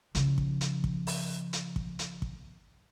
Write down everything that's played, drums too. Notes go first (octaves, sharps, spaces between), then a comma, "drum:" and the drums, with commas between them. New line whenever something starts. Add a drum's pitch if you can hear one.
C#3 F3, drum: hi-hat
drum: kick
drum: hi-hat
drum: kick
drum: open hi-hat
drum: hi-hat
drum: kick
drum: hi-hat
drum: kick